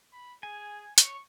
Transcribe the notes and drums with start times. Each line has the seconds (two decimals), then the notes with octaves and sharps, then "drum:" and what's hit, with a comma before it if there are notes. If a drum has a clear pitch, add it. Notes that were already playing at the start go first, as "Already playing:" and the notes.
0.13 B5
0.43 G#4 G#5
0.98 C#5 C#6, drum: hi-hat